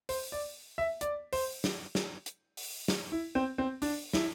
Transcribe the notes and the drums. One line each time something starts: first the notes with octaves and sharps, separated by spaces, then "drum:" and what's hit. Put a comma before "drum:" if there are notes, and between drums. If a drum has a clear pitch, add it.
C5, drum: open hi-hat
D5
E5
D5, drum: hi-hat
C5, drum: open hi-hat
drum: snare
drum: snare
drum: hi-hat
drum: open hi-hat
drum: snare
E4
C4
C4
D4, drum: open hi-hat
E4, drum: snare